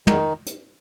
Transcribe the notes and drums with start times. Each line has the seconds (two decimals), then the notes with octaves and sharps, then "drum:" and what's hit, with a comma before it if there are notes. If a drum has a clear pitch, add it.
0.07 E2 D#3 D#4, drum: tom
0.46 drum: hi-hat